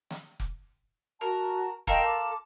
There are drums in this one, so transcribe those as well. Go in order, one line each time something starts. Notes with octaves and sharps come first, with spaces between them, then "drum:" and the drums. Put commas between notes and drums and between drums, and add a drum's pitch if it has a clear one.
drum: snare
drum: kick F1
F#4 A#4 A5
F4 A4 A#4 D#5 G5 C#6, drum: kick F1
A5 D6